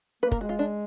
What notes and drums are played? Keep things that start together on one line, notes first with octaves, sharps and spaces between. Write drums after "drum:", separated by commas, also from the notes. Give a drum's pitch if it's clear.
A#3 B4
A#4, drum: kick
G#3 F#4
F4
D4